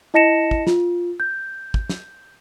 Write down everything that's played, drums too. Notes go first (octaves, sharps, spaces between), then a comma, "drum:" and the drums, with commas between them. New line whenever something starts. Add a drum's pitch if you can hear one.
E4 D#5 A5 A#6 C#7 E7
drum: kick
F4, drum: snare
G6
drum: kick
drum: snare